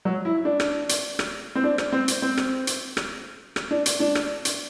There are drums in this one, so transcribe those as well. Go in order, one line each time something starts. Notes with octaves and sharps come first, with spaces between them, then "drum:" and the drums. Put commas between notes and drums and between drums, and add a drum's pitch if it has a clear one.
F#3
E4
D4
drum: rim click
drum: hi-hat
drum: rim click
C4
D4
drum: rim click
C4
drum: hi-hat
C4
drum: rim click
drum: hi-hat
drum: rim click
drum: rim click
D4
drum: hi-hat
D4
drum: rim click
drum: hi-hat